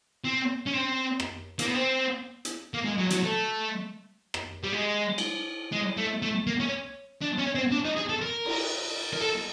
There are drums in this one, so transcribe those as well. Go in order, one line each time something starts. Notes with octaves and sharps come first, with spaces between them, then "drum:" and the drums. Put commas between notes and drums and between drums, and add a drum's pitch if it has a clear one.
C4
C#4
C4
drum: rim click
A#3, drum: hi-hat
B3
C4
drum: hi-hat
A#3
G#3
F#3
F#3, drum: hi-hat
A3
drum: rim click
G3
G#3
drum: cymbal
G#3
A3
A3
A#3
C#4
D4
C#4
C4
D4
D#4
G#4
A4
A#4
drum: cymbal
A#4
A4